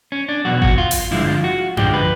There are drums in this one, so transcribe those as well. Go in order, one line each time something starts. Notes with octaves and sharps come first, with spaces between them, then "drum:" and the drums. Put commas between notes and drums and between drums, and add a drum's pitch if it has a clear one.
C#4
D4
E2 B2 F#3 F#4
F#4, drum: kick G#1
F4
drum: open hi-hat
G2 D3 F3 G#3 E4
F4
F#4
D2 D3 F3 G#3 G4, drum: tom F#2
B4